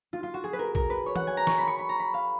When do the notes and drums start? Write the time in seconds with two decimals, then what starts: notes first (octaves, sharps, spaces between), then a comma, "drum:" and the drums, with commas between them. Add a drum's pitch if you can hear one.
0.13 F4
0.23 F4
0.34 F#4
0.44 G#4
0.53 B4
0.59 A#4
0.75 A#4, drum: kick
0.90 B4
1.06 C#5
1.16 F#5, drum: tom E3
1.27 G#5
1.37 A#5
1.47 C#6, drum: snare
1.58 B5
1.67 C#6
1.79 B5
1.89 A#5
1.99 B5
2.14 F5